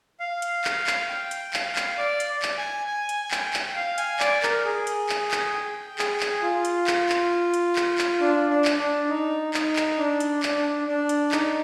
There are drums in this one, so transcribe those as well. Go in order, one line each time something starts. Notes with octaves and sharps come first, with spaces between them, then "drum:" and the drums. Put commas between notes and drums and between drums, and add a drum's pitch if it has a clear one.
F5
drum: hi-hat
drum: clap
drum: clap
G5
drum: hi-hat
F5, drum: clap
drum: clap
D5
drum: hi-hat
drum: clap
G#5
G#5
drum: hi-hat
G#5
G5, drum: clap
drum: clap
F5
G#5, drum: hi-hat
D5, drum: clap
A#4, drum: clap
G#4
drum: hi-hat
drum: clap
drum: clap
G5
G#4, drum: clap
drum: clap
F4
drum: hi-hat
drum: clap
drum: clap
drum: hi-hat
drum: clap
drum: clap
D4
D4
drum: clap
D4
D#4
D#4, drum: clap
drum: clap
D4
drum: hi-hat
D4, drum: clap
D4
D4
drum: hi-hat
D#4, drum: clap